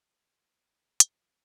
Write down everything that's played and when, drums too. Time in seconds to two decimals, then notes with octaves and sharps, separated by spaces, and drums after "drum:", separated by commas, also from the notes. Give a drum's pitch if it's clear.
0.10 G#3 A#4 B4 C#5
0.47 C4 A#5
1.00 F3 A#3 B3 G#4, drum: hi-hat